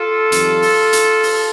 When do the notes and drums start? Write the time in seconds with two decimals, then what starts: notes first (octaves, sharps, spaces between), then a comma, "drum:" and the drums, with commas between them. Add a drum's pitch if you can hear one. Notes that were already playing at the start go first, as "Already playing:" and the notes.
Already playing: F4 A4
0.32 F2 D#3 G3, drum: hi-hat
0.62 drum: open hi-hat
0.93 drum: hi-hat
1.23 drum: open hi-hat